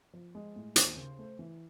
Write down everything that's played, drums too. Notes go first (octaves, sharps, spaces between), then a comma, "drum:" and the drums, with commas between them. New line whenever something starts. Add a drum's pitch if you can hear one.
F3
G#3
A2
D#2 C5, drum: hi-hat
C#3
A3
E3